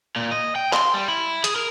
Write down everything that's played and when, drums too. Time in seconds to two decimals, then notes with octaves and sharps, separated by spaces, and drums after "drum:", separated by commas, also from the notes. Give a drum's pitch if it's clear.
0.16 A#2
0.31 D#5
0.56 G5
0.73 C6, drum: clap
0.94 G3
1.08 E4
1.44 G#4, drum: hi-hat
1.56 A#4